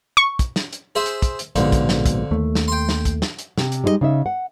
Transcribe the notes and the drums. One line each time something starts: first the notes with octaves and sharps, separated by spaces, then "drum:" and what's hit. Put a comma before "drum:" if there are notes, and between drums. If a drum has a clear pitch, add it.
C#6
drum: kick, hi-hat
drum: snare
drum: hi-hat
G#4 C5 E5
drum: hi-hat
drum: kick, hi-hat
drum: hi-hat
A#1 F2 G#2 B2 D3, drum: hi-hat
drum: kick, hi-hat
drum: snare
drum: kick, hi-hat
D#2 A3
drum: snare
G5 C6
drum: snare
drum: kick, hi-hat
drum: snare
drum: hi-hat
C3, drum: snare
drum: hi-hat
G3 G#3 D#4 E4 D#5
C#3 D#4 E5
F#5